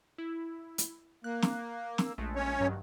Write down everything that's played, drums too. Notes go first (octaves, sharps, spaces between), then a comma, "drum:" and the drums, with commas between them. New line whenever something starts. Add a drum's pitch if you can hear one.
E4
drum: hi-hat
A#3 F#6
drum: snare
E6, drum: snare
A#1 G#3 A3
C#4 C#5
G2 D#3 F#3